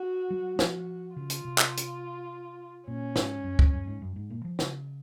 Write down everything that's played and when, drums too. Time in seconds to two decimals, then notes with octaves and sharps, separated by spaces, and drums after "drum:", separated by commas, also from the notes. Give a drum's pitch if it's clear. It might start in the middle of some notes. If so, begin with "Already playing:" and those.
Already playing: F#4
0.30 F#3
0.59 F3, drum: snare
1.16 C#3 F4
1.30 drum: hi-hat
1.45 C3
1.58 drum: clap
1.77 drum: hi-hat
2.87 A#2 C#4
3.16 G#2, drum: snare
3.44 F#2
3.59 F2, drum: kick
3.73 F#2
3.87 G#2
4.02 F#2
4.16 G#2
4.30 A#2
4.45 F3
4.59 C#3, drum: snare